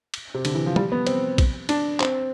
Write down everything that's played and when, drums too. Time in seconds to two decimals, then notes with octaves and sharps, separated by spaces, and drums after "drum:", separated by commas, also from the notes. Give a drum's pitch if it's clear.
0.14 drum: cymbal
0.34 C3
0.45 D3, drum: cymbal
0.55 E3
0.66 F3
0.76 G3, drum: tom G3
0.92 B3
1.07 C4, drum: cymbal
1.38 drum: kick, cymbal
1.69 D4, drum: cymbal
2.00 C4, drum: clap